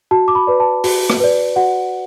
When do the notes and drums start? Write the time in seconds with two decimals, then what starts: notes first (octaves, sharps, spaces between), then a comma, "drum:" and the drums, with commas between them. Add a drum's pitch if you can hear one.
0.11 F#4 A5
0.28 D6
0.35 B5
0.47 B4 D5
0.60 A5
0.84 F#4, drum: open hi-hat
1.10 drum: rim click
1.20 B4 D5
1.56 F#4 F#5